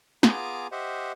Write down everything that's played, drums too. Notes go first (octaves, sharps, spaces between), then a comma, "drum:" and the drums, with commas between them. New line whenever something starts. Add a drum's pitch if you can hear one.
B3 F4 G#4 G#5 A#5 D6, drum: snare
G4 C5 D#5 E5 F#5